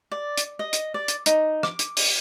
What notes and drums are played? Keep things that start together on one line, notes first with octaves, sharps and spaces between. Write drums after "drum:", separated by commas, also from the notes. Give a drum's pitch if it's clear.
D5
drum: hi-hat
D#5
drum: hi-hat
D5
drum: hi-hat
D#4, drum: hi-hat
D6, drum: rim click
drum: hi-hat
drum: open hi-hat